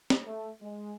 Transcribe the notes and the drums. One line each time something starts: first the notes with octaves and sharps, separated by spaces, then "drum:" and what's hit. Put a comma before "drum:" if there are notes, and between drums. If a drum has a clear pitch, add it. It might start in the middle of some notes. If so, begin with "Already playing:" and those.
drum: snare
A3
G#3